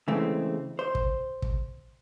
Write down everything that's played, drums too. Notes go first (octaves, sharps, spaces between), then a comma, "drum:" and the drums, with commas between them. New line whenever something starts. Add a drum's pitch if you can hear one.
C#3 E3 G#3 A3 C4
C5
drum: kick
drum: kick